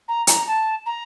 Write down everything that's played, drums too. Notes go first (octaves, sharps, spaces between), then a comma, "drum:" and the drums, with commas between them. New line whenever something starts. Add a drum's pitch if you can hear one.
A#5
A#5, drum: hi-hat
A5
A#5